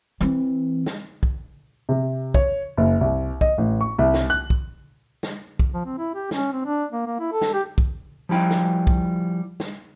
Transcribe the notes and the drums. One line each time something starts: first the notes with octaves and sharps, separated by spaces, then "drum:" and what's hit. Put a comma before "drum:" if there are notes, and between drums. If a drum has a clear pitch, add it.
E3 C4
drum: snare
drum: kick
C3
C#5, drum: kick
F#1
C2
D#5, drum: kick
A1
C#6
C2
drum: snare
F#6
drum: kick
drum: snare
drum: kick
F3
C4
E4
G4
C#4, drum: snare
C4
D4
A#3
A#3
E4
A4
drum: snare
G4
drum: kick
F3 G3 E4 G5
drum: snare
drum: kick
drum: snare